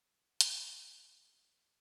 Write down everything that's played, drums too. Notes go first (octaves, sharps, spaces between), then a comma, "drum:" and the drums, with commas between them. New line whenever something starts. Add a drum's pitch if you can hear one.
F#3
A#1
A3, drum: hi-hat
G3
C4
D6
B5
G#6
F5
D#5
F#2